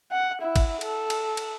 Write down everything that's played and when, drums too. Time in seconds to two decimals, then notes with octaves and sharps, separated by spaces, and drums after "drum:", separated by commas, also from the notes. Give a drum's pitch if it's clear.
0.12 F#5
0.42 E4
0.56 drum: kick, cymbal
0.81 A4, drum: cymbal
1.10 drum: cymbal
1.37 drum: cymbal